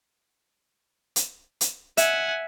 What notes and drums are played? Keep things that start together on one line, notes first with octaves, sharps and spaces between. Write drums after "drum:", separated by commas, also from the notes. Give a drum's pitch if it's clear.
drum: hi-hat
drum: hi-hat
E5 F#5 G#5, drum: hi-hat